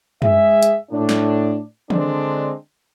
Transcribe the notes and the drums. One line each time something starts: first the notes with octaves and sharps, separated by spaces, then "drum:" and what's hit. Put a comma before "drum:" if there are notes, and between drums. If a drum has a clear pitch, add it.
G#3 G#4 E5, drum: tom F#2
drum: hi-hat
A2 D4
drum: snare
D3 G#3 C4 D4, drum: tom D#3